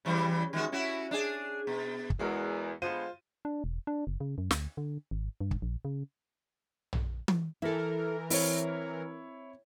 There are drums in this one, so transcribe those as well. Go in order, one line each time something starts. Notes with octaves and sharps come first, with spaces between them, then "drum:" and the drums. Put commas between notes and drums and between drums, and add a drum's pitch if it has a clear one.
C#3 E3 G3
D#3 G#3 F#4
C#4 E4 F#4
D4 G#4
B2
drum: kick
E2 G#3 F#4 A#4
D3 G#3 B3 F4 C5 D#7
D4
E1
D4
F#1
C#3
F#2
D2, drum: snare
D3
G#1
G2
drum: kick
A#1
C#3
drum: tom A#1
drum: tom E3
E3 E4 A4 A#4
C4 E4 C#5, drum: open hi-hat